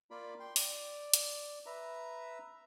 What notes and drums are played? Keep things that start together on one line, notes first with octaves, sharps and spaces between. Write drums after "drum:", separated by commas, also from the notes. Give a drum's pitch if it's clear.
A#3 F4 D5 B5
G5 C6
D5, drum: open hi-hat
drum: hi-hat
B4 E5 A#5